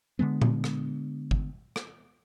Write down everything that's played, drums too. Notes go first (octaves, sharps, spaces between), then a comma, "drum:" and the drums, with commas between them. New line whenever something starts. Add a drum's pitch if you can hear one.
D3 E3 G#3 B3
drum: tom A#2
drum: rim click
drum: kick G1
drum: rim click